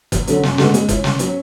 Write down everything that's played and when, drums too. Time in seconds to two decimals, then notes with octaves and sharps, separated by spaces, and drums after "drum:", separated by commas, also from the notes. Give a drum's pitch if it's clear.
0.12 E2, drum: kick F#1, hi-hat
0.27 D3 F#3, drum: hi-hat
0.43 F#2, drum: snare
0.58 D3 G#3 B3, drum: snare
0.74 G#3, drum: hi-hat
0.89 C#4 E4, drum: kick F#1, hi-hat
1.04 C#3, drum: snare
1.19 F#3 C#4, drum: hi-hat